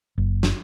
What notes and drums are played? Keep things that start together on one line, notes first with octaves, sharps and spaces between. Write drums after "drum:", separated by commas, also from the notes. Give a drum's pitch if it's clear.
F#1
drum: snare